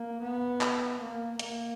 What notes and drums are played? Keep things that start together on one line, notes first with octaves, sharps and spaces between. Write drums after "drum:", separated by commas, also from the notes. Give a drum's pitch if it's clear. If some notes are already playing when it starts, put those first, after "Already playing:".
Already playing: A#3
B3
drum: clap
A#3
A#3, drum: hi-hat